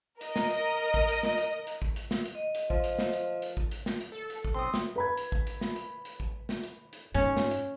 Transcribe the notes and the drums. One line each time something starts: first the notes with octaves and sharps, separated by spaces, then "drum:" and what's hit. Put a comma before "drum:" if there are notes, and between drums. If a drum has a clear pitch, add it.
A#4 D#5, drum: hi-hat
drum: snare
drum: hi-hat
drum: kick A1
drum: hi-hat
drum: snare
drum: hi-hat
drum: hi-hat
drum: kick A1
drum: hi-hat
drum: snare
drum: hi-hat
D#5
drum: hi-hat
F3, drum: kick A1
drum: hi-hat
drum: snare
drum: hi-hat
drum: hi-hat
drum: kick A1
drum: hi-hat
drum: snare
drum: hi-hat
A4
drum: hi-hat
drum: kick A1
B1 C4 C6 D#6
drum: snare
B4 B5 G#6
drum: hi-hat
drum: kick A1
drum: hi-hat
drum: snare
drum: hi-hat
drum: hi-hat
drum: kick A1
drum: snare
drum: hi-hat
drum: hi-hat
G#2 C#4
drum: snare
drum: hi-hat